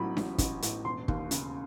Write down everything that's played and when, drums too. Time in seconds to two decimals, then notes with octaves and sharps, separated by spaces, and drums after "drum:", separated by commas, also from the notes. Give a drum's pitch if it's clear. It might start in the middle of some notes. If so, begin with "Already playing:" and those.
Already playing: A1 A2 F#3 B5
0.17 A1, drum: snare C#4
0.38 A1, drum: kick, hi-hat
0.62 A2, drum: hi-hat
0.85 E1 C6
1.08 D#2, drum: kick
1.31 C#3, drum: hi-hat